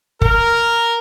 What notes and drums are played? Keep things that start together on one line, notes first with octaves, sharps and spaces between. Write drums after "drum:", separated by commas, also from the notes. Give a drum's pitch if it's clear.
A#4, drum: kick